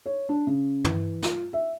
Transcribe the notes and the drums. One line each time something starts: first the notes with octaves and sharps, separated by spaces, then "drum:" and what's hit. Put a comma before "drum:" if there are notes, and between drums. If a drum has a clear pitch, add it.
C#5
D4
C#3
E3, drum: tom
F4, drum: snare
E5